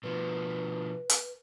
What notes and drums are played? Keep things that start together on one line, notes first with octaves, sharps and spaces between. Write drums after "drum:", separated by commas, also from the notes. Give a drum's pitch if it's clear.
B2 F3 B4
drum: hi-hat